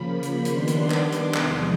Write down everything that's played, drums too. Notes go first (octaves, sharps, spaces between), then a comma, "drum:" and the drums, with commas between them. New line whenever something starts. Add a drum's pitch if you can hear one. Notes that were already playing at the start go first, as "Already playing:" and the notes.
Already playing: C#3 F3 A#3 B5
drum: hi-hat
D#3 G3 B3 D4 C6, drum: hi-hat
drum: hi-hat
D6, drum: clap
drum: hi-hat
E2 C3 F3 G#3 D#6, drum: clap